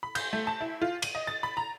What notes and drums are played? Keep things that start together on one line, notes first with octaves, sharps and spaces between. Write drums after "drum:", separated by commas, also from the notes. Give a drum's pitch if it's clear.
B5
G6, drum: cymbal
A3
A5
E4
F4
D#7, drum: cymbal
D#5
A6
B5
A#5